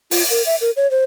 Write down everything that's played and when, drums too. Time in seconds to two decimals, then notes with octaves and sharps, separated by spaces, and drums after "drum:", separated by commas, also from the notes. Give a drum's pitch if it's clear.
0.11 F4, drum: open hi-hat
0.30 A#4
0.46 E5
0.61 A#4
0.76 C#5
0.91 C5